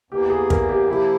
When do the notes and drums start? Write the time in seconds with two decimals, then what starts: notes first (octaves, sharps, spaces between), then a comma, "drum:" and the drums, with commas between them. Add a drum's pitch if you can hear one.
0.11 E2 E3 A#3 G4
0.30 G#4
0.50 A#4, drum: kick
0.69 G4
0.88 C3 F3 A#3 E4 G4